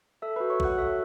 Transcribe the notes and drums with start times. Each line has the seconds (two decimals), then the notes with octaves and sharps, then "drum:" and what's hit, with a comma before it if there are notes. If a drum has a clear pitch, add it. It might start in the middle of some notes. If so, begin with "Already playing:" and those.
0.22 A4 E5 E6
0.36 F#4 B4 B5
0.50 C#5 C#6
0.60 F#4 F#5 F#6, drum: kick A1
0.78 A4 E5 E6